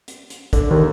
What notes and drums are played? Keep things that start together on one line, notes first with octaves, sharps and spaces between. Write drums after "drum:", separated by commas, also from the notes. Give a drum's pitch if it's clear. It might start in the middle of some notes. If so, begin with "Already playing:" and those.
drum: hi-hat
drum: hi-hat
D3, drum: kick, hi-hat
D#2 D#3